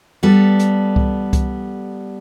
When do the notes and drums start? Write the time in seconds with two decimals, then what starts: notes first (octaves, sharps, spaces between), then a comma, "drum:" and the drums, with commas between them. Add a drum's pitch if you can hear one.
0.23 G3 B3 A4
0.59 drum: hi-hat
0.96 drum: kick C2
1.33 drum: kick C2, hi-hat